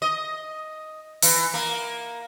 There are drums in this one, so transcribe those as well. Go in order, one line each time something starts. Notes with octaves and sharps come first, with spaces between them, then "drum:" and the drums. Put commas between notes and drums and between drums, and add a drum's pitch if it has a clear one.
D#5
E3, drum: open hi-hat
A#3